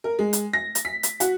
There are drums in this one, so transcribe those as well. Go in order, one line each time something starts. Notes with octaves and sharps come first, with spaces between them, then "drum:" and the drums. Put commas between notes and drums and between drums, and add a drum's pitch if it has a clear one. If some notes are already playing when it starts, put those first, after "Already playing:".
A#4
G#3
drum: hi-hat
A#6
drum: hi-hat
B6
drum: hi-hat
F#4, drum: hi-hat